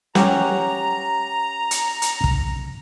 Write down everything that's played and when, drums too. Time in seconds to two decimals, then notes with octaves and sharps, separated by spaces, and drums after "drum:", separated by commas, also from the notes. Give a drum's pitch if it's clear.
0.15 C#4 G4 F#5 A#5, drum: snare
1.71 drum: hi-hat
2.02 drum: hi-hat
2.24 drum: kick